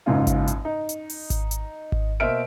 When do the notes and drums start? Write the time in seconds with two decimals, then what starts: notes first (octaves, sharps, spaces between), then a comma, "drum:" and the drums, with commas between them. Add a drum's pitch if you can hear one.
0.06 F#1 G#2 C#4 F4
0.27 drum: kick G#1, hi-hat
0.47 drum: hi-hat
0.65 D#4
0.89 drum: hi-hat
1.10 drum: open hi-hat
1.30 drum: kick G#1, hi-hat
1.51 drum: hi-hat
1.92 drum: kick G#1
2.20 B2 A#3 C5 E5 F6 D7